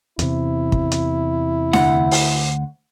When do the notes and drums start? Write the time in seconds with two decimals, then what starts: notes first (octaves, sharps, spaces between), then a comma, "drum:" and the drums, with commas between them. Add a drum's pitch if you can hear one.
0.19 E2 C3 E4, drum: hi-hat
0.72 drum: kick
0.92 drum: hi-hat
1.73 D2 F#5, drum: snare D4
2.11 drum: open hi-hat